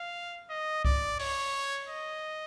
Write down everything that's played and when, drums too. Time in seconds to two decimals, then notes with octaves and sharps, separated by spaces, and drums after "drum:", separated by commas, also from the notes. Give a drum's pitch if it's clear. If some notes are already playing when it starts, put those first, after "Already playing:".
Already playing: F5
0.50 D#5
0.85 D5, drum: kick C2
1.19 C#5, drum: open hi-hat
1.89 D#5